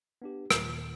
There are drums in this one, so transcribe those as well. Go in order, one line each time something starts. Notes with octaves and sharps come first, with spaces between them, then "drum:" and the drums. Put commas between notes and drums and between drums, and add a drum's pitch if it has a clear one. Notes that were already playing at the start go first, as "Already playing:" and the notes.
B3 D4 G4
D#2 A#2 D#3, drum: rim click